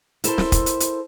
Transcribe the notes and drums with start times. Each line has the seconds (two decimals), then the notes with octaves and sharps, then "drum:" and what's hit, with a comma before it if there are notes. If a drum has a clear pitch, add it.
0.24 E4 A4 A#4 C5, drum: hi-hat
0.38 drum: snare
0.52 drum: kick, hi-hat
0.66 drum: hi-hat
0.80 drum: hi-hat